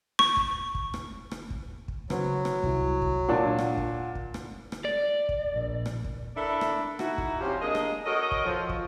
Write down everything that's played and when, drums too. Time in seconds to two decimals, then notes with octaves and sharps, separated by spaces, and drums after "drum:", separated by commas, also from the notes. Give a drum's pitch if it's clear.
0.19 C#6, drum: rim click
0.37 drum: kick
0.75 drum: kick
0.94 drum: rim click
1.31 drum: rim click
1.50 drum: kick
1.88 drum: kick
2.10 C#3 F#3 B4 C5, drum: rim click
2.45 drum: rim click
2.63 C2 E4, drum: kick
3.02 drum: kick
3.28 A#2 D4 F#5
3.58 drum: rim click
3.77 drum: kick
4.15 drum: kick
4.34 drum: rim click
4.72 drum: rim click
4.85 D5
5.29 drum: kick
5.53 A#1
5.86 drum: rim click
6.04 drum: kick
6.35 D4 E4 A4 A#4 D5 E5
6.61 drum: rim click
6.99 D#4 E4 F#4, drum: rim click
7.18 drum: kick
7.41 C3 F3 C#4 F4 G4
7.61 A#3 D4 G#4 D#5
7.75 drum: rim click
8.05 F#4 A4 A#4 C#5 D#5
8.32 drum: kick
8.46 F3
8.69 drum: kick